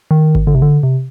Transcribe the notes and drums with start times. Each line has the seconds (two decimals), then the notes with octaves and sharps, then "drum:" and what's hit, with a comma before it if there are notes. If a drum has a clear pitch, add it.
0.11 D#3
0.35 drum: kick G#1
0.47 D3
0.55 C3
0.62 D3
0.83 C3